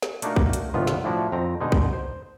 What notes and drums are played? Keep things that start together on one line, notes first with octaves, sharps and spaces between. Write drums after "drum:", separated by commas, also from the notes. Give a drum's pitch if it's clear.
drum: snare
A3 A#3 D4 D#4 F#4 A#4, drum: hi-hat
drum: kick
drum: hi-hat
G1 C2 B2 D#3 B3 F4
drum: snare
A2 F3 D4 E4 F#4
F2 C4 A#5
B2 D3 G#3 D#4
drum: kick
C5